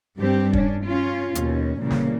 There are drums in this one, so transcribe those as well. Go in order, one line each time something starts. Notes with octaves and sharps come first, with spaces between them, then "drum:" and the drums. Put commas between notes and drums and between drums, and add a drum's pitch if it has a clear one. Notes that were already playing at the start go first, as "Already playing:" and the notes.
G2 G3 C4 G4
C#4 D4, drum: kick
C#4 F4
D#2 B2 C#4, drum: hi-hat
A#2 C#3 E3 G3 A#3
drum: snare